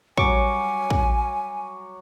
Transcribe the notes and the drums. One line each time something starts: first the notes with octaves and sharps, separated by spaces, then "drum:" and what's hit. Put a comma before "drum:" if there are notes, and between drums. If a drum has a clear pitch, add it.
F#3 G3 C#5 G#5 C#6 D6, drum: kick
drum: kick